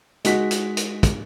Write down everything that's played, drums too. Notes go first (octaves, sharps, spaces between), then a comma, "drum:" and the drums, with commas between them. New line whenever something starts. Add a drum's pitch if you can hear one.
G#3 D#4 F#4 B6, drum: hi-hat
drum: hi-hat
drum: hi-hat
drum: kick, hi-hat